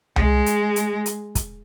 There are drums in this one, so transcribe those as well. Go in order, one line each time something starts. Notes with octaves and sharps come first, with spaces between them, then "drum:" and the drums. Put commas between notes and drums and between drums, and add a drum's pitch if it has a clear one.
G#3, drum: tom C2
drum: hi-hat
drum: hi-hat
drum: hi-hat
drum: kick, hi-hat